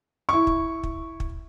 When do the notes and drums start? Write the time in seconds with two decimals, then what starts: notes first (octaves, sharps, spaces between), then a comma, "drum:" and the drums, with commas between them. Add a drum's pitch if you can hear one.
0.29 E4 C#6
0.47 drum: kick
0.83 drum: kick
1.20 drum: kick